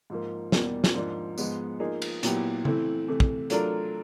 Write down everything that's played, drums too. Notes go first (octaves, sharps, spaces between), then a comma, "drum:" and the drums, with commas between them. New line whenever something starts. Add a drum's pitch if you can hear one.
G#2 F3 A#3
E2 B2 G3 A#3, drum: snare
drum: snare
G#2 F3 A#3 D4
G#2 F3 G#3 B3, drum: tambourine
F3 A#3 D#4 G#4
drum: cymbal
A#2 F#3 B3 E4 G4, drum: hi-hat
E3 A3 C4 E4, drum: tom C#3
C3 E3 A3
drum: kick
F#3 A3 D4 F4 A#4, drum: hi-hat